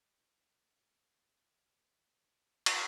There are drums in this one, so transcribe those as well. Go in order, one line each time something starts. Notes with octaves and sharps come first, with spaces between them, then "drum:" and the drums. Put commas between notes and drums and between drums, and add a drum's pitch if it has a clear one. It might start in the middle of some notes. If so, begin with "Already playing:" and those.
A3 D#5
drum: cymbal